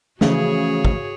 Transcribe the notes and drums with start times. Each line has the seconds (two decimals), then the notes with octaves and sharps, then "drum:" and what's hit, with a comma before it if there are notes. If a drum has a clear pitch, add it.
0.21 C#3 E3 F3 A3 F#4 G#4 C#5, drum: snare
0.85 drum: kick